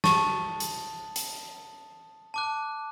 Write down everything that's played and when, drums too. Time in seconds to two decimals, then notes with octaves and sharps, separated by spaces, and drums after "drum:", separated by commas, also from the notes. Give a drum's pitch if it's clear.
0.04 A5 C#6 D#6 A6, drum: snare
0.60 drum: hi-hat
1.16 drum: hi-hat
2.34 A5 D6 F#6